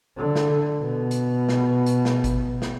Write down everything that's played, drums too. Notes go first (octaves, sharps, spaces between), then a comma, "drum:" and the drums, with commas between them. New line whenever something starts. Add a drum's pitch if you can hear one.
D3
drum: snare
B2
drum: hi-hat
drum: snare
drum: hi-hat
drum: snare
drum: kick G#1, hi-hat
drum: snare